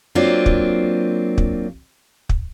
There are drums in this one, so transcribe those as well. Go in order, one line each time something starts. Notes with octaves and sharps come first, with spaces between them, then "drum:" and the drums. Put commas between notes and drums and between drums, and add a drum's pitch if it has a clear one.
F#3 A#3 C4 D4 F4
drum: kick
drum: kick
drum: kick